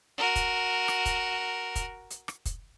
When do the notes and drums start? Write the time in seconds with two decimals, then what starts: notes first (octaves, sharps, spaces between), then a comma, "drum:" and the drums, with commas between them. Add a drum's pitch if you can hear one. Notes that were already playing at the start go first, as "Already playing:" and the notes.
0.18 F#4 A#4
0.36 drum: kick, hi-hat
0.88 drum: rim click
1.06 drum: kick, hi-hat
1.76 drum: kick, hi-hat
2.11 drum: hi-hat
2.28 drum: rim click
2.46 drum: kick, hi-hat